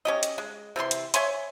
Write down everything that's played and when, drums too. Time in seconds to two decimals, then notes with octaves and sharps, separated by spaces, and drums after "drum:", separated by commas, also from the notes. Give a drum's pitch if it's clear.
0.05 C#4 G4 D#5
0.23 drum: hi-hat
0.38 G#3
0.76 C3 E3 A3 C6
0.91 drum: hi-hat
1.14 C#5 E5 G#5 C6, drum: hi-hat